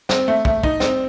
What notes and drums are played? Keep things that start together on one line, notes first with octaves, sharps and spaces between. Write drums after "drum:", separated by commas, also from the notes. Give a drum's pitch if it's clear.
C4, drum: snare
A3
A3, drum: kick
D#4, drum: kick
C4, drum: snare